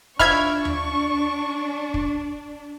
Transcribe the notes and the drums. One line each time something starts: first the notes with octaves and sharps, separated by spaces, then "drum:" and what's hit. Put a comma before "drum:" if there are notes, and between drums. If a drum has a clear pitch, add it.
F3 D4 E5 B5 C#6 F6 G#6, drum: kick
drum: tom D#2
drum: kick